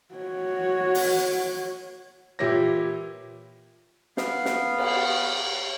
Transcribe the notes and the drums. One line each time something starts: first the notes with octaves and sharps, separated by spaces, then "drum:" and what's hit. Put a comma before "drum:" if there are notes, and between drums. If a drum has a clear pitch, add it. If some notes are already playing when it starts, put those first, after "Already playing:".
F#4 C#5
drum: open hi-hat
A#2 E3 E4 G4 C#5 A#6
B3 F5, drum: snare
drum: snare
drum: cymbal